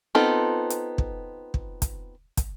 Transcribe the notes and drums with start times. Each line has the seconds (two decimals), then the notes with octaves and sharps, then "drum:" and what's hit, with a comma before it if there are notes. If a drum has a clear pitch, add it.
0.15 B3 C4 D#4 F4 A4
0.70 drum: hi-hat
0.98 drum: kick
1.54 drum: kick
1.82 drum: kick, hi-hat
2.37 drum: kick, hi-hat